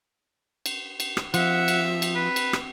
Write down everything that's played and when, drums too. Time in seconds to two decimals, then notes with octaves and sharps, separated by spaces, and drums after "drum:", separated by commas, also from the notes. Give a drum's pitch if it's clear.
0.66 drum: cymbal
1.00 drum: cymbal
1.17 drum: rim click
1.34 F3 C4 E5 F#5, drum: cymbal
1.68 drum: cymbal
2.02 drum: cymbal
2.15 C4 B4
2.36 drum: cymbal
2.53 drum: rim click